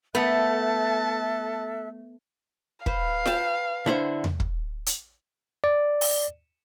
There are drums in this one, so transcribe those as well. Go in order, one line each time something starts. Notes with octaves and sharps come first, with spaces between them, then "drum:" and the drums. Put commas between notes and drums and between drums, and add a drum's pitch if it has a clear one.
A3 B3 A4 E5 A5 F#6
B4 C5 F5, drum: kick
B4 G5 A5, drum: snare F4
D3 E4 C5 F#5
drum: tom E2
drum: kick
drum: hi-hat
D5
drum: open hi-hat